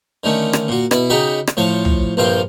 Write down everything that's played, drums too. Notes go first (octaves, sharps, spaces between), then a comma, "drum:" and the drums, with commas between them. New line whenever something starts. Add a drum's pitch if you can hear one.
D3 D#3 A3 C#4
drum: rim click
A#2 F#4
B2 E4 B5, drum: rim click
C#3 D#4 F#4 G4 B5
drum: rim click
A2 F3 C#5 A5
drum: tom
A#1 G2 C3 F3 F4 G5